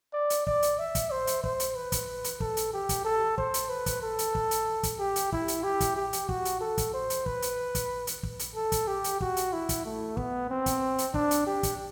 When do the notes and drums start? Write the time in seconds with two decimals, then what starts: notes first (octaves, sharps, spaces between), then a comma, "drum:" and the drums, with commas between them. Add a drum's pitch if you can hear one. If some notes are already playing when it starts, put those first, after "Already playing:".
0.13 D5
0.30 drum: hi-hat
0.47 D5, drum: kick
0.62 drum: hi-hat
0.79 E5
0.95 drum: kick, hi-hat
1.11 C5
1.27 drum: hi-hat
1.44 C5, drum: kick
1.60 drum: hi-hat
1.76 B4
1.92 drum: kick, hi-hat
2.24 drum: hi-hat
2.40 A4, drum: kick
2.57 drum: hi-hat
2.74 G4
2.89 drum: kick, hi-hat
3.05 A4
3.38 C5, drum: kick
3.54 drum: hi-hat
3.69 B4
3.86 drum: kick, hi-hat
4.03 A4
4.19 drum: hi-hat
4.35 drum: kick
4.51 drum: hi-hat
4.83 drum: kick, hi-hat
4.99 G4
5.16 drum: hi-hat
5.32 E4, drum: kick
5.48 drum: hi-hat
5.64 G4
5.80 drum: kick, hi-hat
5.96 G4
6.13 drum: hi-hat
6.29 F#4, drum: kick
6.45 drum: hi-hat
6.61 A4
6.78 drum: kick, hi-hat
6.94 C5
7.10 drum: hi-hat
7.26 B4, drum: kick
7.42 drum: hi-hat
7.75 drum: kick, hi-hat
8.07 drum: hi-hat
8.23 drum: kick
8.39 drum: hi-hat
8.56 A4
8.72 drum: kick, hi-hat
8.87 G4
9.04 drum: hi-hat
9.21 F#4, drum: kick
9.37 drum: hi-hat
9.53 E4
9.69 drum: kick, hi-hat
9.86 A3
10.17 B3, drum: kick
10.50 C4
10.66 drum: kick, hi-hat
10.98 drum: hi-hat
11.14 D4, drum: kick
11.31 drum: hi-hat
11.47 G4
11.63 drum: kick, hi-hat